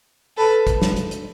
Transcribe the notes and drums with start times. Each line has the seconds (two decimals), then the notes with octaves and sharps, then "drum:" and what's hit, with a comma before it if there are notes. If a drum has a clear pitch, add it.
0.37 A4 B4
0.67 drum: kick, hi-hat
0.82 drum: snare
0.96 drum: hi-hat
1.11 drum: hi-hat